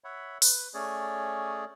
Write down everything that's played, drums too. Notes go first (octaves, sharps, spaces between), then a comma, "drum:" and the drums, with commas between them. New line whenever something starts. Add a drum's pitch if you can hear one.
C#5 E5 F#5 B5
B4, drum: open hi-hat
A3 C#4 G#4 C#5 D5